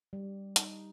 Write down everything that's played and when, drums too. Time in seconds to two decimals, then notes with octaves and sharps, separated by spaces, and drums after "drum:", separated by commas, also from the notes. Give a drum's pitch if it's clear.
0.13 G3
0.56 D#4, drum: hi-hat